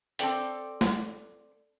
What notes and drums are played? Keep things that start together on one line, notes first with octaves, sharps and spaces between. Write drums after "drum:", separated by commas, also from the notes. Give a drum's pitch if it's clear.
C4 A4 D5 G5, drum: hi-hat
drum: snare